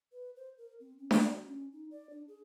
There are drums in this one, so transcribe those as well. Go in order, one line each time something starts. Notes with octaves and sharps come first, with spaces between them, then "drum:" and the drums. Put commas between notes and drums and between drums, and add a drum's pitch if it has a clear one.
B4
C5
A#4
C4
C#4
D5, drum: snare D4
F#4
C#4
D#4
D5
D4
G#4